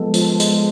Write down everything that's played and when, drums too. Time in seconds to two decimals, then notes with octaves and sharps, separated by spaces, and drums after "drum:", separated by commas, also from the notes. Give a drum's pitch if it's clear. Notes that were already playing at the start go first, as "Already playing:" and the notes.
Already playing: F3 G#3 B3 A4
0.14 F3, drum: hi-hat
0.40 G#3, drum: hi-hat